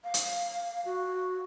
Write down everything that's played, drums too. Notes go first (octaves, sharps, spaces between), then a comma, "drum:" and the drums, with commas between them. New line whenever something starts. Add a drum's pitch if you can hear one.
F5
drum: hi-hat
F#4